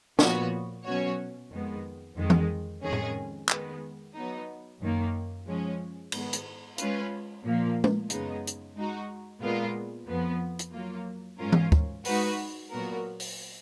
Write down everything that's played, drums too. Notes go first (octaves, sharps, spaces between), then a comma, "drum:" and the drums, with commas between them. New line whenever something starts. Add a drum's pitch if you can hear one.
A#2 F3 B3 F#4 C#5, drum: snare
B2 F#3 C#4 F#4 C#5
F2 D#3 G#3 B3
F2 D#3 G#3
drum: tom E3
F2 D#3 G#3 C#4 G#4
drum: tom A2
D#3 G#3 B3, drum: clap
F#3 B3 D#4
F#2 D#3 A#3
F3 G#3 C#4
G#2 D#3 G#3 B3, drum: cymbal
drum: hi-hat
G#3 C#4 F4 B4, drum: hi-hat
A#2 F3 A#3
drum: tom
F#2 C#3 G#3 B3 D#4, drum: hi-hat
drum: hi-hat
G#3 D#4 F#4
A#2 G#3 B3 F4 A#4
F2 F3 B3
drum: hi-hat
F#3 A#3 F4
G#2 F#3 C#4 F4 A#4
drum: tom E3
drum: kick
G#3 D#4 F#4 B4, drum: open hi-hat
A#2 F#3 B3 F#4 A#4
drum: open hi-hat